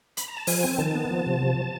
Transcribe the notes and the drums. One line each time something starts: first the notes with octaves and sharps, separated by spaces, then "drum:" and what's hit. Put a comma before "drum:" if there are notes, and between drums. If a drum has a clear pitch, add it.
B5, drum: hi-hat
A#5
A5
F3 G#5, drum: open hi-hat
C4
D#3 A5
B3
F3
C3
F3